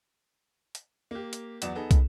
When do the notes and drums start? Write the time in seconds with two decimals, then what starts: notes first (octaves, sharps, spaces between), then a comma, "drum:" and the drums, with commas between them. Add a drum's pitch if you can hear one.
0.75 drum: hi-hat
1.11 A#3 G4
1.33 drum: hi-hat
1.62 E2 F#3 D5 F#5 E7, drum: hi-hat
1.75 B3 D#4 G#4 A4
1.91 drum: kick, hi-hat